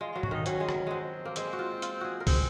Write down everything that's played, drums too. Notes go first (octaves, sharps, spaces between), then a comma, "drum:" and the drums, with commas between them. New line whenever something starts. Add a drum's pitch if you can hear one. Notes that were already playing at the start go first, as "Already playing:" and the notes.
G#3 F4
F#3 F4
F#4, drum: tom G#2
D#3 D#4
F#3 C#4, drum: hi-hat
G#3
F#3, drum: rim click
F#3 G#3 C4
A#3
G#3 C4, drum: hi-hat
F#4
F4
F4, drum: hi-hat
F#4 G#4
A#4
C4 G#4, drum: kick, open hi-hat